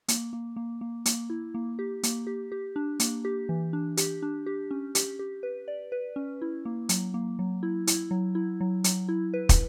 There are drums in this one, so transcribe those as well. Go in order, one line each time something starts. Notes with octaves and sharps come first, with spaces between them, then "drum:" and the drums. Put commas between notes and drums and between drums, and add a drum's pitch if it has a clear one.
A#3, drum: hi-hat
A#3
A#3
A#3
A#3, drum: hi-hat
E4
A#3
G4
A#3, drum: hi-hat
G4
G4
D4
A#3, drum: hi-hat
G4
E3
D4
G4, drum: hi-hat
D4
G4
C#4
G4, drum: hi-hat
G4
B4
D5
B4
C#4
E4
A#3
F#3, drum: hi-hat
A#3
F#3
E4
E4, drum: hi-hat
F#3
E4
F#3
F#3, drum: hi-hat
E4
B4
drum: kick, hi-hat